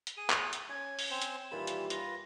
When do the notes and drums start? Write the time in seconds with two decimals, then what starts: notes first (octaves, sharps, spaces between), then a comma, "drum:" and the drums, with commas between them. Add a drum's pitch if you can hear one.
0.07 drum: hi-hat
0.17 G#4 D#7
0.30 drum: clap
0.53 drum: hi-hat
0.70 C#4 G#5 G#6
0.99 drum: open hi-hat
1.10 C4 C5 G#5 E7
1.22 drum: hi-hat
1.52 D#2 A#2 E3 G3 F4 B5
1.67 drum: hi-hat
1.90 F4 B4 A#6, drum: hi-hat